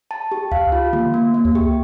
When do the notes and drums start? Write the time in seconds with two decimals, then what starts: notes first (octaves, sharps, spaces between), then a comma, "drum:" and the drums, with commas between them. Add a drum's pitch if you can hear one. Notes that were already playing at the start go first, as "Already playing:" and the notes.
0.11 A5
0.32 G4
0.52 F5, drum: kick C#2
0.72 F4
0.93 A#3, drum: tom D3
1.14 A#3
1.34 A#3
1.45 drum: kick C#2
1.55 G4